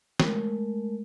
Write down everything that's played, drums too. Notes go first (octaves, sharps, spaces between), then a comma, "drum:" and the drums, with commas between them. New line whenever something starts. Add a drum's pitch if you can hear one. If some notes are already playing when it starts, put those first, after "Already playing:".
G#3 A3 A#4, drum: snare